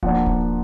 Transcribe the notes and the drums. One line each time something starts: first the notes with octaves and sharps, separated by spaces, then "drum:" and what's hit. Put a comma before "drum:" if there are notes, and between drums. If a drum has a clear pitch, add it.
F3 A#3 D4 F#5, drum: kick D1
drum: kick D1